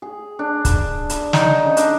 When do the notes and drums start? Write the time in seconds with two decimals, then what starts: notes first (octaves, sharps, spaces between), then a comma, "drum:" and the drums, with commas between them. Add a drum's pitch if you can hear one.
0.02 G#4
0.39 D4
0.65 drum: kick, hi-hat
1.10 drum: hi-hat
1.33 D#4, drum: snare
1.63 C#3
1.77 D4, drum: hi-hat